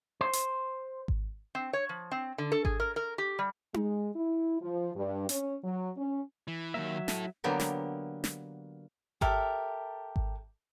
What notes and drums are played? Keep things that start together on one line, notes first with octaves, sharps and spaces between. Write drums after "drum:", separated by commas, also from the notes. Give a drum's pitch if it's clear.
C5
drum: hi-hat
drum: kick G#1
C4
C#5
F3
C4
D3
A4
G#4, drum: kick G#1
A#4
A#4
G4
G3
G#3, drum: tom D#4
E4
F3
G2
C#4, drum: hi-hat
F#3
C#4
E3
D#3 F#3 A#3 E5
E4 A4, drum: snare
D3 F#3 A#3 B3 G4 A#4
drum: snare
drum: snare
G4 A4 A#4 E5, drum: kick G#1
drum: kick G#1